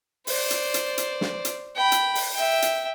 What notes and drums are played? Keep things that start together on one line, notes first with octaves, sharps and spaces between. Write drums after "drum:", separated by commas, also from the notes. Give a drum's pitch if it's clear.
C5 D5, drum: open hi-hat
drum: hi-hat
drum: hi-hat
drum: hi-hat
drum: snare
drum: hi-hat
G5 B5
drum: hi-hat
drum: open hi-hat
E5 G5
drum: hi-hat